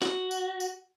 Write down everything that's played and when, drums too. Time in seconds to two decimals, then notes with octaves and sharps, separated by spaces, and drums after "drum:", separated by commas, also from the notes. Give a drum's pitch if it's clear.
0.02 F#4, drum: snare
0.31 drum: tambourine
0.60 drum: tambourine